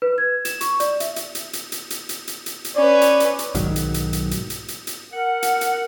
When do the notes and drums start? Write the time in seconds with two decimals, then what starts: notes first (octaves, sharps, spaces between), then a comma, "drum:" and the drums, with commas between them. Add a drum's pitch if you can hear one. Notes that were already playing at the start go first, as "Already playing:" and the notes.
0.02 B4
0.18 G#6
0.45 E7, drum: hi-hat
0.61 C#6, drum: hi-hat
0.80 D5, drum: hi-hat
1.00 E5, drum: hi-hat
1.16 drum: hi-hat
1.35 drum: hi-hat
1.53 drum: hi-hat
1.72 drum: hi-hat
1.90 drum: hi-hat
2.09 drum: hi-hat
2.27 drum: hi-hat
2.46 drum: hi-hat
2.65 drum: hi-hat
2.76 C#4 B4 D5
3.02 drum: hi-hat
3.20 drum: hi-hat
3.39 drum: hi-hat
3.55 B1 G#2 D#3 F#3, drum: hi-hat
3.76 drum: hi-hat
3.94 drum: hi-hat
4.13 drum: hi-hat
4.31 drum: hi-hat
4.50 drum: hi-hat
4.68 drum: hi-hat
4.87 drum: hi-hat
5.11 A#4 F#5
5.43 drum: hi-hat
5.61 drum: hi-hat